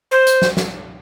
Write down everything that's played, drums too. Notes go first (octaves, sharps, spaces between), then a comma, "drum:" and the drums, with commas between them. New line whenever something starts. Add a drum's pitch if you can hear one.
C5
drum: hi-hat
drum: snare
drum: snare